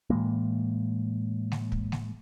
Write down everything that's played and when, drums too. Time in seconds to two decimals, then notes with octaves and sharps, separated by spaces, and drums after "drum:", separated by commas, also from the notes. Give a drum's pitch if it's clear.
0.10 A2 E3 G#3 A#3
1.52 drum: snare G#3
1.72 drum: kick
1.92 drum: snare G#3